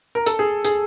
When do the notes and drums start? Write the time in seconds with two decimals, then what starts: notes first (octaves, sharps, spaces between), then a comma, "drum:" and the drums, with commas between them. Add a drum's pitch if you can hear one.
0.15 A#4
0.26 A4, drum: hi-hat
0.39 G#4
0.65 G#4, drum: hi-hat